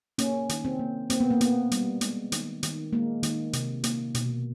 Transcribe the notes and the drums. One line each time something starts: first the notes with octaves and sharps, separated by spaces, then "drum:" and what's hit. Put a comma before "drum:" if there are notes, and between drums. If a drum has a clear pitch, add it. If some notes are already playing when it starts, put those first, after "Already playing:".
A#3 C#4, drum: hi-hat
D#3, drum: hi-hat
C4
A#3
A#3 C4, drum: hi-hat
B3
A#3
A#3 B3, drum: hi-hat
G3, drum: hi-hat
G#3, drum: hi-hat
D#3, drum: hi-hat
D#3, drum: hi-hat
G#3 A#3
D#3, drum: hi-hat
C3, drum: hi-hat
A#3, drum: hi-hat
B2, drum: hi-hat